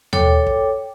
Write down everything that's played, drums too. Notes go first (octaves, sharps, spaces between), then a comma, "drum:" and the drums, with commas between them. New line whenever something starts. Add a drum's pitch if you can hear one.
A4 C#5 G5 D6, drum: tom D#2
drum: kick